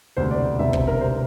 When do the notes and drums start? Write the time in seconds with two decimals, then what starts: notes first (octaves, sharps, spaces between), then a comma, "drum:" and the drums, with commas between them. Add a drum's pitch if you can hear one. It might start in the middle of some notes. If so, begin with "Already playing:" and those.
0.17 E1 D2 C3 C5
0.31 D5
0.59 E1 D2 C3 E5
0.73 C5, drum: kick
0.88 A#4
1.01 C3 C5